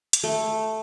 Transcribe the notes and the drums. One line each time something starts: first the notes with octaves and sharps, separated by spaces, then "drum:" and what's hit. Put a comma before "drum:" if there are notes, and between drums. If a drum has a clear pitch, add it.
drum: hi-hat
A3